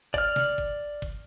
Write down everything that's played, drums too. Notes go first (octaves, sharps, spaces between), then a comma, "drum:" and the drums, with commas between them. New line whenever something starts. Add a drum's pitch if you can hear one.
D5 F6, drum: kick G1
drum: snare
drum: kick G1
drum: kick G1